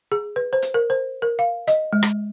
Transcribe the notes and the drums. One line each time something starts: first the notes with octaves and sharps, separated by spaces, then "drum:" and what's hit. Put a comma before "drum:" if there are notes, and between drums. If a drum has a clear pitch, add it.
G#4
B4
C5
drum: hi-hat
A#4
C5
A#4
F5
D#5, drum: hi-hat
G#3
drum: rim click